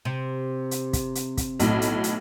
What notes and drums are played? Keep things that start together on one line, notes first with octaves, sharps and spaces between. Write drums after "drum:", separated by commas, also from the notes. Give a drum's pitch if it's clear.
C3
drum: hi-hat
drum: kick, hi-hat
drum: hi-hat
drum: kick, hi-hat
B1 A2, drum: hi-hat
drum: hi-hat
drum: hi-hat